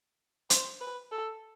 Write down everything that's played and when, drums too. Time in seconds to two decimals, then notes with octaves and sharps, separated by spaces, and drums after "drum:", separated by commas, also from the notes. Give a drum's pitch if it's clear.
0.50 C5, drum: hi-hat
0.81 B4
1.12 A4